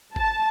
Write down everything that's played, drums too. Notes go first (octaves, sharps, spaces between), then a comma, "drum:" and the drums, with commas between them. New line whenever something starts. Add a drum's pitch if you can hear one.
A5, drum: kick G#1